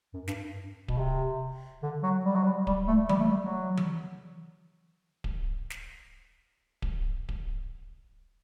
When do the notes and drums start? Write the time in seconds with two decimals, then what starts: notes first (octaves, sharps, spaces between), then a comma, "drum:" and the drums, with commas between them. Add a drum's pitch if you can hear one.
0.14 F#2
0.28 G2, drum: snare
0.88 B2, drum: kick D1
0.98 C3
1.83 D3
2.03 F#3
2.25 G3
2.35 F#3
2.44 G3
2.67 G3, drum: kick D1
2.88 A3
3.09 G3, drum: tom E3
3.20 A3
3.30 G3
3.41 F#3
3.77 drum: tom E3
5.24 drum: kick D1
5.70 drum: snare
6.82 drum: kick D1
7.29 drum: kick D1